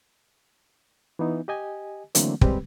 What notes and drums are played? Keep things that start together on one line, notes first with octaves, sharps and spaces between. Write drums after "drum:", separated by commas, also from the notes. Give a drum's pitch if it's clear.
E3 B3 D#4
G4 D#5 G#5
D3 E3 F#3 A3 A#3 C4, drum: hi-hat
G3 G#3 C4 G4 B4, drum: kick